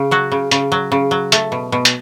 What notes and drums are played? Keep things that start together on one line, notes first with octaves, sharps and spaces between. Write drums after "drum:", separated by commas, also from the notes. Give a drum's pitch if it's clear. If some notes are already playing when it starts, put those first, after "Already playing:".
Already playing: C#3
F#3 F#4
C#3
C#3, drum: hi-hat
F#3
C#3
F#3
A3, drum: hi-hat
B2
B2
drum: hi-hat